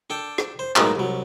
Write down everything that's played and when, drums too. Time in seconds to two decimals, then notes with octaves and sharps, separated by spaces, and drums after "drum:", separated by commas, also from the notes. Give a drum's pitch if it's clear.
0.10 D4 A4 G5
0.38 drum: rim click
0.59 C5
0.76 B1 A2 G#3 A#3 D#4 D#6, drum: clap
0.95 C2 F#3